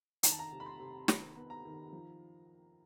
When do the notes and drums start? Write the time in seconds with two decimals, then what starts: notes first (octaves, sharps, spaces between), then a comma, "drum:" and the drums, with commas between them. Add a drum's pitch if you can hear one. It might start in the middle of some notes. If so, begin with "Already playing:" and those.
0.23 D#3 A#5, drum: hi-hat
0.32 A5
0.39 A#5
0.52 C3
0.60 B5
0.66 C6
0.79 C3
1.08 D#3 B5, drum: snare
1.37 B3
1.50 A#5
1.65 D#3
1.93 F3